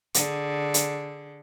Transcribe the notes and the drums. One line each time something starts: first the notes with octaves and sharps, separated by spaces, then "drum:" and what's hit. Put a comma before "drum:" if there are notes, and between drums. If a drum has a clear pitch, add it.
D3 G#4, drum: hi-hat
drum: hi-hat